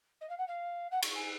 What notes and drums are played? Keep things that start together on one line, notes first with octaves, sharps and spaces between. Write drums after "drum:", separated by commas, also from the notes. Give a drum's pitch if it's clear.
D#5
F5
F#5
F5
F#5
C#6, drum: cymbal
G#5